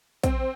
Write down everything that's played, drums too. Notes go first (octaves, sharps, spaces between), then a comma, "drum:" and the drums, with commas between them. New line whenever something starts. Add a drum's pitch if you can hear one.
C4, drum: kick, hi-hat